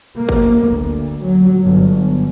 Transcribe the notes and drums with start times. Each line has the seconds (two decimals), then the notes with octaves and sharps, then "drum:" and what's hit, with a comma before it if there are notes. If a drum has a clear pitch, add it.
0.18 A#3
0.29 drum: kick G1
0.68 D2
1.25 F#3
1.64 G1